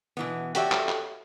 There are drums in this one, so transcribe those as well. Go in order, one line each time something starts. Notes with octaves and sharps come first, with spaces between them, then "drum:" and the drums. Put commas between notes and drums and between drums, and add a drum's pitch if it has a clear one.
B2 E3 B3
F#4 G4 A4 C#5 D5 E5, drum: hi-hat
drum: clap
drum: clap